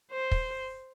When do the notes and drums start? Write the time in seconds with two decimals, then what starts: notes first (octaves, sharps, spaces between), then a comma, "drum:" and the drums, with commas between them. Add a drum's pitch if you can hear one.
0.11 C5
0.31 drum: kick